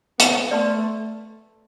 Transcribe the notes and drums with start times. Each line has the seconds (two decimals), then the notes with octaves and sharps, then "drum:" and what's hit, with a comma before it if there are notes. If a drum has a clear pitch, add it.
0.20 B3, drum: hi-hat
0.51 A3 B4 D5 A5 C6